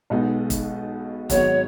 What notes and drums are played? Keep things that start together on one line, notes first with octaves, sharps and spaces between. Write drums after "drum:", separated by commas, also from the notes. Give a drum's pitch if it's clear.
B1 B2 G#3 B3 D#4
drum: kick, hi-hat
G#1 G#2 F#3 B3 F#4 C#5, drum: kick, hi-hat